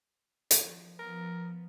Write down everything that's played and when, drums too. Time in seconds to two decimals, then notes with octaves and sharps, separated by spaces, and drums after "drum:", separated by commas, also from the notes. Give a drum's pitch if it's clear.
0.51 drum: hi-hat
0.63 F3
0.99 F3 B3 A#4